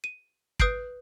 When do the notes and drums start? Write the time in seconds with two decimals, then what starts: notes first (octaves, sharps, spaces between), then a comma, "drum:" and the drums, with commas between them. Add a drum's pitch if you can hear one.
0.04 D#7
0.59 B4 D#6 F#6 G6 C7 D7, drum: kick